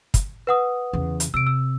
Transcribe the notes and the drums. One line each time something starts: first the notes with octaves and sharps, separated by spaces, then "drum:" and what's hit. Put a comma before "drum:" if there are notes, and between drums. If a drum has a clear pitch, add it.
drum: kick, hi-hat
B4 F#5 D#6
E2 C#3
drum: hi-hat
C3 E6 D7
E6